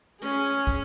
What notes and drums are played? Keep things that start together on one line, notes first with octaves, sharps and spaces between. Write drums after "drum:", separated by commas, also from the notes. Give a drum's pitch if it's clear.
C#4 G#4, drum: hi-hat
drum: kick, hi-hat